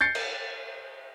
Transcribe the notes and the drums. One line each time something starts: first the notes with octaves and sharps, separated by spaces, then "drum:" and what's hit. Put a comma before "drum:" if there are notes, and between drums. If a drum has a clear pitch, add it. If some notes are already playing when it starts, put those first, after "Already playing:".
G6 A6 C7 C#7
drum: cymbal